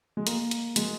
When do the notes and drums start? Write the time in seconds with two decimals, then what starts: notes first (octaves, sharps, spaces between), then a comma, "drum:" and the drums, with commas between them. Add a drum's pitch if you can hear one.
0.17 G#3
0.27 A#3, drum: hi-hat
0.51 drum: hi-hat
0.76 G#3, drum: hi-hat